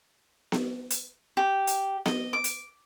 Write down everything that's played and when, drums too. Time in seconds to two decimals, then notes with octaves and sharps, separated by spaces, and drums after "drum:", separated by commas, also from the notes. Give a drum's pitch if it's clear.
0.52 drum: snare B3
0.90 drum: hi-hat
1.37 G4
1.67 drum: hi-hat
2.06 D#5, drum: snare B3
2.33 D6
2.44 drum: hi-hat